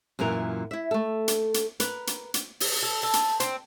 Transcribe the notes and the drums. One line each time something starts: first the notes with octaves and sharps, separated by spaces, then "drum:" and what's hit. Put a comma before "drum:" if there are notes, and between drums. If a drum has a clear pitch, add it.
F#2 A#2 E3 A#4
E4 E5
A3 A4
drum: hi-hat
drum: hi-hat
A#4 B4, drum: hi-hat
drum: hi-hat
drum: hi-hat
drum: open hi-hat
A4
A4
drum: hi-hat
C4, drum: hi-hat